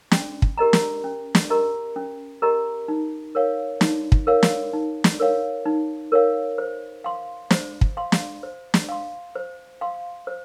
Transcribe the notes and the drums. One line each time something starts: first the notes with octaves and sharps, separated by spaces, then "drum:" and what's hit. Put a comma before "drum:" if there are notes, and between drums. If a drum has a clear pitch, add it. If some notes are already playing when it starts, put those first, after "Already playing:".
C#4, drum: snare
drum: kick
G4 A#4 D#5 A#5
drum: snare
C#4
drum: snare
G4 A#4 D#5 A#5
C#4
G4 A#4 D#5 A#5
D#4
A#4 C#5 F5
D#4, drum: snare
drum: kick
A#4 C#5 F5
drum: snare
D#4
drum: snare
A#4 C#5 F5
D#4
A#4 C#5 F5
C5
F5 C6
C5, drum: snare
drum: kick
F5 C6
drum: snare
C5
drum: snare
F5 C6
C5
F5 C6
C5